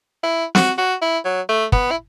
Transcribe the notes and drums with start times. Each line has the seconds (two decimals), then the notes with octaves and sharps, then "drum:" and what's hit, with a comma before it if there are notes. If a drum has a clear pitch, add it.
0.23 E4
0.55 F#4, drum: snare
0.78 F#4
1.02 E4
1.25 F#3
1.49 A3
1.72 B3, drum: kick
1.91 E4